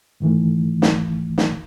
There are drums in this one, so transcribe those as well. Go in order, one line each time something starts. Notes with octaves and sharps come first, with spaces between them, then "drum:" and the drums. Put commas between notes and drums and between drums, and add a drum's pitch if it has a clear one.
G#2 D#3 E3 A3
drum: snare
drum: snare